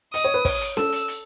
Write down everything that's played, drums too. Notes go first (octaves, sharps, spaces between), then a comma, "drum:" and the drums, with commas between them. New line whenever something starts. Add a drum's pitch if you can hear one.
D#5 D#6, drum: hi-hat
C#5
B4
C#5, drum: kick, open hi-hat
drum: hi-hat
A4 E6, drum: snare C#4
drum: hi-hat
drum: hi-hat